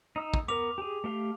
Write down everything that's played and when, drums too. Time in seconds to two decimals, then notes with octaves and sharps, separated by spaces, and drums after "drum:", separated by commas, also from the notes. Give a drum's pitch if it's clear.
0.16 D#4 D#6 E6
0.34 drum: kick
0.48 B3 A#4 D6 F7
0.78 G4 G#4
1.04 A3 G4 F5